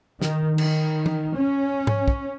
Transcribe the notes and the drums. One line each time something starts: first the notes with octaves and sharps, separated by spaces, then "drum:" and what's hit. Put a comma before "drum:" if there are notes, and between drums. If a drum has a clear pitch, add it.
D#3, drum: snare
D#3, drum: cymbal
drum: tom E3
C#4
drum: tom G#2
drum: kick